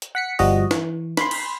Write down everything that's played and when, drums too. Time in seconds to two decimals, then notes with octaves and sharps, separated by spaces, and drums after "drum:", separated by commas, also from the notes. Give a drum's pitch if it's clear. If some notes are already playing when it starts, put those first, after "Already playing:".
0.02 drum: hi-hat
0.15 F#5 B6 C#7
0.39 G1 F3 G3 F#4 D#5, drum: open hi-hat
0.71 E3, drum: snare
1.17 B5 C6, drum: snare
1.31 drum: cymbal